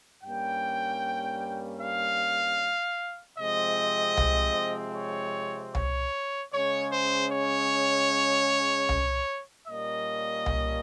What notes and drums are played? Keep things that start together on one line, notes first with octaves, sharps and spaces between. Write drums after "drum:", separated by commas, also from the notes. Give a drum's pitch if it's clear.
G2 G3 A#3 C#4 G5
F5
C3 F3 G#3 C4 D#5
drum: tom C2
C#5
C#5, drum: tom C2
C#3 G#3 C#4 C#5
C5
C#5
drum: tom C2
A#2 G3 A#3 C#4 D#5
drum: tom C2